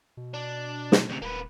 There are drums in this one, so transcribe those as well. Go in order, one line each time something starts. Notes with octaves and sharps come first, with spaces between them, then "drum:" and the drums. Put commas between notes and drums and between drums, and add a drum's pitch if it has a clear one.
B2
D4
drum: snare
D2 C3
D#1 A#3 B4